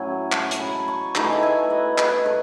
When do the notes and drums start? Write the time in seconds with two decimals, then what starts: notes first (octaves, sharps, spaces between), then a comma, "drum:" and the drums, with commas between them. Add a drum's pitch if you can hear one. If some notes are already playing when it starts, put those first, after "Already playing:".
Already playing: A2 F#3 C#4 G#5 B5
0.32 A5 C#6, drum: clap
0.51 A5, drum: hi-hat
0.60 G#5 B5
0.88 A5 C#6
1.15 E3 A3 D#4 B5, drum: clap
1.24 A5
1.32 G#5 B5
1.43 E5 G#5
1.70 D#5 F#5
1.98 B4 D#5, drum: clap
2.26 A4 C#5